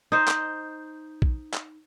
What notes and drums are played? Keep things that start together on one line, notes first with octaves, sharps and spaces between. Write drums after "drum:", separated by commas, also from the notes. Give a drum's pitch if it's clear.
D#4 C5
drum: clap
drum: kick A#1
drum: clap